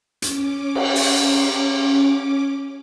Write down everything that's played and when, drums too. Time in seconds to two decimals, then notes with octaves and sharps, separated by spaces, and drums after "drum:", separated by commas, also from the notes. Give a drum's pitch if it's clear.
0.22 C#4 D6, drum: hi-hat
0.75 drum: cymbal
0.96 drum: open hi-hat